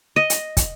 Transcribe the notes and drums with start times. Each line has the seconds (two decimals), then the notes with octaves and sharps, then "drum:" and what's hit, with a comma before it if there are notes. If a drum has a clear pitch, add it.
0.16 D#5
0.30 drum: hi-hat
0.57 drum: kick, hi-hat